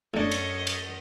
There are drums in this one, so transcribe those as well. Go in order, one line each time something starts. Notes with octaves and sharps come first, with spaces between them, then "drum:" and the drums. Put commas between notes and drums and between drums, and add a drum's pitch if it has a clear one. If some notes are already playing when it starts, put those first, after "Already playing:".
F#2 A2 D4 A4 C#5 D#5
drum: cymbal
drum: cymbal